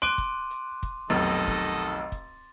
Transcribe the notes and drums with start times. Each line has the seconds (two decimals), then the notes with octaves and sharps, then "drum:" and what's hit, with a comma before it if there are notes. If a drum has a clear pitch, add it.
0.02 C6 D6 F#6 D7 D#7
0.18 drum: kick, hi-hat
0.50 drum: hi-hat
0.83 drum: kick, hi-hat
1.10 F1 B1 D#3 A4 D#5 A6
1.47 drum: kick, hi-hat
1.80 drum: hi-hat
2.12 drum: kick, hi-hat